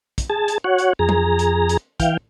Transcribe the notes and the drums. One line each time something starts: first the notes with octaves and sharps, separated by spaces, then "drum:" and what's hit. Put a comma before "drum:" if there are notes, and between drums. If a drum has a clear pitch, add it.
drum: kick, hi-hat
G#4 A5
drum: hi-hat
F#4 C#5 F#5
drum: hi-hat
F2 G#4 A#5
drum: tom
drum: hi-hat
drum: hi-hat
E3 F5 G5, drum: kick, hi-hat